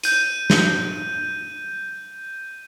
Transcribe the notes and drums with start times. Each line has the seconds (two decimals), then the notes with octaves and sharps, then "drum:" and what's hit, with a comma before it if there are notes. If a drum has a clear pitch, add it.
0.03 G6 D#7, drum: hi-hat
0.50 drum: snare